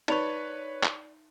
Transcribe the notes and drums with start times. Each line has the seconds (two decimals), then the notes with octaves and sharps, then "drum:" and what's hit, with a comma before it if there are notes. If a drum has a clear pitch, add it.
0.08 D#4 B4 C#5 D5 B5 C#6, drum: cymbal
0.83 drum: clap